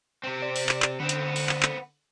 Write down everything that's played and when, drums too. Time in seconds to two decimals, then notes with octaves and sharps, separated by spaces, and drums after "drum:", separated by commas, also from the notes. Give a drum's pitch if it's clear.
0.23 C3 C4
0.42 D5
0.56 drum: open hi-hat
0.69 drum: clap
0.82 drum: clap
1.00 D3 B3 C4
1.09 drum: hi-hat
1.36 drum: open hi-hat
1.49 drum: clap
1.63 drum: clap